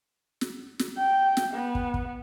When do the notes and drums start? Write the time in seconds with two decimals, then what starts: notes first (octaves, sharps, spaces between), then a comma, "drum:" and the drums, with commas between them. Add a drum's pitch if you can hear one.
0.41 drum: snare
0.79 drum: snare
0.99 G5
1.37 drum: snare
1.54 B3
1.75 drum: kick
1.94 drum: kick